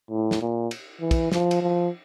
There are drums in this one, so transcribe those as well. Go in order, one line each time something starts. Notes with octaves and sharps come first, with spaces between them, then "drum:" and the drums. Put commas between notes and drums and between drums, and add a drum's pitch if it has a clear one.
A2
drum: snare
A#2
drum: cymbal
E3
drum: kick, cymbal
F3, drum: snare
drum: cymbal
F3